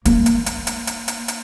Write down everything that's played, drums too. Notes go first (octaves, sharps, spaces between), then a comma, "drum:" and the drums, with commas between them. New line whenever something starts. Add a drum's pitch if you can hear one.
A#3, drum: hi-hat
drum: hi-hat
drum: hi-hat
drum: hi-hat
drum: hi-hat
drum: hi-hat
drum: hi-hat